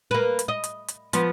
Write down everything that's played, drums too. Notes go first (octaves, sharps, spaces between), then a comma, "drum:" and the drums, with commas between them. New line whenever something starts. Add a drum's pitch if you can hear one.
A#3 B4
drum: hi-hat
D#5
drum: hi-hat
drum: hi-hat
F3 B3, drum: hi-hat